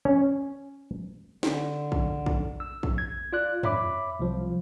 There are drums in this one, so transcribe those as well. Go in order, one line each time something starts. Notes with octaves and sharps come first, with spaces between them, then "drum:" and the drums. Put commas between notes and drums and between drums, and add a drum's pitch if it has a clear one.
C#4
D3, drum: snare
drum: kick
drum: kick
E6
drum: kick
G#6
F4 D5 F#6
C#5 E5 B5 D6, drum: tom
C2 F3